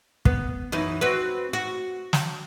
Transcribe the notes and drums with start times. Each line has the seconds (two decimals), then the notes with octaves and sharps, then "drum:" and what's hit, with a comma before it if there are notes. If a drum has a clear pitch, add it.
0.25 B3, drum: kick
0.72 F#2 E3 D#4
1.01 C4 F#4 B4
1.53 F#4
2.13 drum: snare